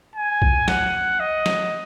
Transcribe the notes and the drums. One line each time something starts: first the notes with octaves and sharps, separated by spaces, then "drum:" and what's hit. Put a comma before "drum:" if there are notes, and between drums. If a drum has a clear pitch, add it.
G#5
drum: kick
F#5, drum: snare
D#5
drum: snare